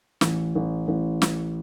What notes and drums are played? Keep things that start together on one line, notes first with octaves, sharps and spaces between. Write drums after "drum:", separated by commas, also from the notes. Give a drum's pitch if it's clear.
A1, drum: snare
A1
A1
drum: snare